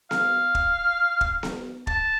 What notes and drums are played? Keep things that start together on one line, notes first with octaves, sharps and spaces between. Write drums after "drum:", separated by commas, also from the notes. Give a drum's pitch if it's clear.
F5, drum: snare B3
drum: kick
drum: kick
drum: snare B3
A5, drum: kick